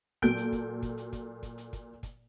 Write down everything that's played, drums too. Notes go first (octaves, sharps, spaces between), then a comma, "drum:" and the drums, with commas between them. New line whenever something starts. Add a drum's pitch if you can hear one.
A#2 F#3 A4 G6 D7, drum: kick, hi-hat
drum: hi-hat
drum: kick, hi-hat
drum: kick, hi-hat
drum: hi-hat
drum: kick, hi-hat
drum: kick, hi-hat
drum: hi-hat
drum: kick, hi-hat
drum: kick, hi-hat